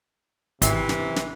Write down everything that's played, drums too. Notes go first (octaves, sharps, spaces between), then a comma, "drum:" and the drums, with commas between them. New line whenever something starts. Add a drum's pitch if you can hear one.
G#1 C3 E3, drum: hi-hat
drum: snare
drum: snare